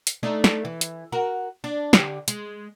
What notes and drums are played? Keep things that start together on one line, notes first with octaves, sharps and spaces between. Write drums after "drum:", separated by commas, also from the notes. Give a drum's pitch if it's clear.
drum: hi-hat
A3 D4 D#4
drum: snare
E3
drum: hi-hat
F#4 A#4
D4
D3 G4, drum: snare
G#3, drum: hi-hat